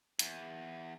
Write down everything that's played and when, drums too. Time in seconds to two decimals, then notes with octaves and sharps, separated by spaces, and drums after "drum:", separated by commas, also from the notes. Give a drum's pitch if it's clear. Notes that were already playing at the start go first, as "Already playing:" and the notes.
0.19 E2, drum: hi-hat